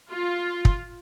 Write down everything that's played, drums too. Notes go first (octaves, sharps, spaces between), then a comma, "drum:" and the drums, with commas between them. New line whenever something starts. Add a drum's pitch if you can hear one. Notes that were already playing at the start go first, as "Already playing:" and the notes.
F4
drum: kick